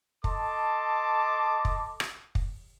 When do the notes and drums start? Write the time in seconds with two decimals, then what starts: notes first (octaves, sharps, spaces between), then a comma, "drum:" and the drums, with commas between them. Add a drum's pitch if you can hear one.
0.24 A4 D#5 A5 C6 D6, drum: kick
1.65 drum: kick
2.00 drum: rim click
2.35 drum: kick